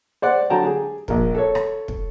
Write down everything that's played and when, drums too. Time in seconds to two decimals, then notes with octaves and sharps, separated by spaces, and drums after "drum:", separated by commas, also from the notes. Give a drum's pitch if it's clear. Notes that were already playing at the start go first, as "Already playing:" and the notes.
0.22 C5 D5 F#5
0.50 D3 F#3 G5 A5 A#5
0.62 G4 G#4
1.08 A#1 A#4, drum: kick
1.35 A4 C#5
1.55 drum: rim click
1.88 drum: kick